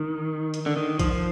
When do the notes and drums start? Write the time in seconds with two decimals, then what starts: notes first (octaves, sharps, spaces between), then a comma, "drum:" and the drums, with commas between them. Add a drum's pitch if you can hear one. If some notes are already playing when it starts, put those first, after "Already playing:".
Already playing: D#3
0.54 drum: hi-hat
0.66 D3
0.76 D#3
0.99 F3, drum: kick, hi-hat